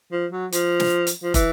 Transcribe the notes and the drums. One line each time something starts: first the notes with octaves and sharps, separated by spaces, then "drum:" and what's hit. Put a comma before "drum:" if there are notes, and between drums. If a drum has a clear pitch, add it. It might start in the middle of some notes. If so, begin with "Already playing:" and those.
F3
F#3
F3, drum: hi-hat
drum: snare
drum: hi-hat
F3
E3, drum: kick, hi-hat